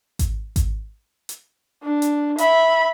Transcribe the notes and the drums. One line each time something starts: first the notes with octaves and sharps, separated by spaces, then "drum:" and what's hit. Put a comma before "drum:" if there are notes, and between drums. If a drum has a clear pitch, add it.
drum: kick G#1, hi-hat
drum: kick G#1, hi-hat
drum: hi-hat
D4
drum: hi-hat
E5 B5, drum: hi-hat